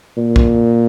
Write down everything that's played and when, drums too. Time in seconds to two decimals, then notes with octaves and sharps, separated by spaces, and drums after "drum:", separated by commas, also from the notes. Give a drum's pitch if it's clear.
0.17 A#2
0.36 drum: kick